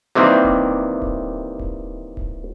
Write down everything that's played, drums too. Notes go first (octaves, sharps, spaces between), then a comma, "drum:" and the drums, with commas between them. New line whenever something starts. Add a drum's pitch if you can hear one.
C3 D#3 E3 G3 A#3 C4
drum: kick D1
drum: kick D1
drum: kick D1
drum: kick D1